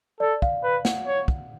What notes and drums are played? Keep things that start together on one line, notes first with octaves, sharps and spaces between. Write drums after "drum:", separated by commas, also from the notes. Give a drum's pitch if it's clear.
A4 D5
F5, drum: kick
B4
F#5, drum: snare
C#5
drum: kick